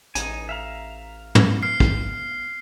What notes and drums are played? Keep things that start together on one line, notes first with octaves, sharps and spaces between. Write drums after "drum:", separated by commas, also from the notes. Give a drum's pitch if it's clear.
A1 D#4 G#5, drum: hi-hat
E5 F5 A#5
B3, drum: tom
F6 C7
drum: kick